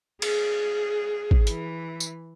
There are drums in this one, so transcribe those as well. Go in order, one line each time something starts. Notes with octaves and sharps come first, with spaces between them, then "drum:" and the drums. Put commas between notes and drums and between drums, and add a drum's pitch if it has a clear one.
G#4, drum: cymbal
drum: kick
E3, drum: hi-hat
drum: tambourine